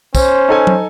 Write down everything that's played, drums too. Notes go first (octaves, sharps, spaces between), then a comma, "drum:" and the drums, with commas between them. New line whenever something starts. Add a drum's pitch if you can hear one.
C#4 C5, drum: kick, tambourine
D#4 A4 G#5
drum: tom